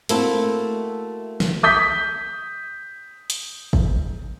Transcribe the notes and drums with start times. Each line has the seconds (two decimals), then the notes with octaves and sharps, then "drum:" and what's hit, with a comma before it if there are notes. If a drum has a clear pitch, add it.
0.09 A3 A#3 C4 E4 F#4 A4, drum: hi-hat
1.40 drum: snare
1.63 D#6 G6 B6
3.30 drum: hi-hat
3.73 drum: kick